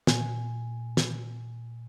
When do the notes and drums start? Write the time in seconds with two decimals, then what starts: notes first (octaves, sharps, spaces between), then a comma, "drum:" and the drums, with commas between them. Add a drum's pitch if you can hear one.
0.07 A#2 G#5, drum: snare
0.97 drum: snare